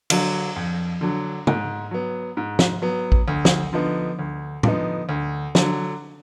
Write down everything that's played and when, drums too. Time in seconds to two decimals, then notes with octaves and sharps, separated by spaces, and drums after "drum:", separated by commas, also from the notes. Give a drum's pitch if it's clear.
0.10 D3 F#3, drum: cymbal
0.56 F2
1.01 D3 F#3
1.47 G#2, drum: tom
1.91 F#3 B3
2.37 G#2
2.59 drum: snare
2.82 F#3 B3
3.12 drum: kick A1
3.28 D2
3.45 drum: snare
3.73 D3 F3 B3 D#4
4.19 D2
4.63 D3 F3 B3 D#4, drum: tom A2
5.09 D2
5.55 D3 F#3, drum: snare